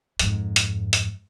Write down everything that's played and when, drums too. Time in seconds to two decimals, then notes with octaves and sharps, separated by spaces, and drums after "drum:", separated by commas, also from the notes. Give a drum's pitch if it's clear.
0.19 F2 G#2, drum: hi-hat
0.56 drum: hi-hat
0.93 drum: hi-hat